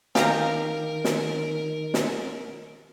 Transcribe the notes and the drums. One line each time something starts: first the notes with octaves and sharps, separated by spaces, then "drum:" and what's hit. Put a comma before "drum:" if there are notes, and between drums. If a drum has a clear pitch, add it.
D#3 D#4 G4 A#4 F5 A#5, drum: snare
drum: snare
drum: snare